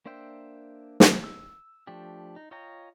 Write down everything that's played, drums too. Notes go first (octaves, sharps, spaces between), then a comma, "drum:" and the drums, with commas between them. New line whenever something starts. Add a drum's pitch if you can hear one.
A#3 D4 C5 E5 G5
drum: snare
E6
F3 A3 D4 G4
D#4
F4 C#5 D#5 G5 A#5